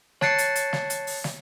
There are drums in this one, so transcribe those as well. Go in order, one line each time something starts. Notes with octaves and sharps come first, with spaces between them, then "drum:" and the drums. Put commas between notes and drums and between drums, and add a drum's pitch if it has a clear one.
C#5 A5 F#6 A6 C7 C#7, drum: snare
drum: hi-hat
drum: hi-hat
drum: snare
drum: hi-hat
drum: open hi-hat
drum: snare